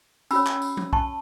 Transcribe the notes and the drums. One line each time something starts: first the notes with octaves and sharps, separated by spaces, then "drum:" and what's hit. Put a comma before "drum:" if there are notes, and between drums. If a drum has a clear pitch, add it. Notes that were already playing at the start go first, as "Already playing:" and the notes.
C#4 F#4 C#5 B5 E6, drum: tambourine
drum: clap
drum: tambourine
drum: tom F3
A5 C#6, drum: kick